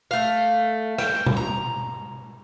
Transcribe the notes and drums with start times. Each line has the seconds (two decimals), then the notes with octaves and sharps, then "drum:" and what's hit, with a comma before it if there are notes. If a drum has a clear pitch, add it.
0.11 A3 F5
0.98 G5, drum: rim click
1.26 drum: tom B2
1.37 A#5